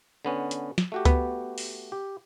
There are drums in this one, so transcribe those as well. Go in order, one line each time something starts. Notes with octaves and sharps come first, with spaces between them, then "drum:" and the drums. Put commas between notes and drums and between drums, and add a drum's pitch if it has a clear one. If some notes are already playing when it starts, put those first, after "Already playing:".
D3 B3 C#4
drum: hi-hat
drum: snare
A3 F#4 G4
B3, drum: kick C#2, hi-hat
drum: open hi-hat
G4